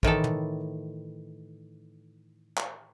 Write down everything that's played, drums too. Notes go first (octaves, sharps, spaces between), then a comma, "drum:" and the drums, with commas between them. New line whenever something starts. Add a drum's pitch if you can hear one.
A2 D#3 E3 A4, drum: kick
drum: tom
drum: clap